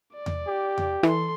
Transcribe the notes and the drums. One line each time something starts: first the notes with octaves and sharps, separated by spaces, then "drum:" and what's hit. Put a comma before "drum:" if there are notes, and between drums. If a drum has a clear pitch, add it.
D5
drum: tom E2
G4
drum: tom E2
E3 A4 C6, drum: rim click